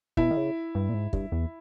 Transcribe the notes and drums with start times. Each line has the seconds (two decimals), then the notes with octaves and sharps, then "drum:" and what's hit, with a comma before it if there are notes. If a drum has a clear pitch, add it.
0.17 B2 E4, drum: kick
0.31 D#3
0.37 C#3
0.75 G2
0.89 A#2
0.94 G#2
1.13 G2, drum: kick
1.32 E2